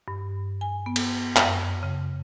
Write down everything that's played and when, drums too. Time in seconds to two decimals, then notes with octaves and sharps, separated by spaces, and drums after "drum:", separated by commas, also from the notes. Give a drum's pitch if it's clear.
0.08 G2
0.61 G#5
0.86 B3
0.96 drum: cymbal
1.36 F#2, drum: clap
1.83 C#3